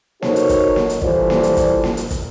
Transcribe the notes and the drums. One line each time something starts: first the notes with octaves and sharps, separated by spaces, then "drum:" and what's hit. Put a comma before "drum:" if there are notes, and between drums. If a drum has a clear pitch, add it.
D#4 F#4 A4 A#4 C5 C#5, drum: snare A#3
drum: hi-hat
drum: kick, hi-hat
drum: snare A#3
drum: hi-hat
E3 G3 F4 A4 C5 D5, drum: kick
drum: snare A#3
drum: hi-hat
drum: kick, hi-hat
drum: snare A#3
drum: hi-hat
drum: kick, hi-hat